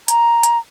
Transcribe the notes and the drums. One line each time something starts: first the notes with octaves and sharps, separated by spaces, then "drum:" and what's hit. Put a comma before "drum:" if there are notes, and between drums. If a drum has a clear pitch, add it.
A#5, drum: hi-hat
drum: hi-hat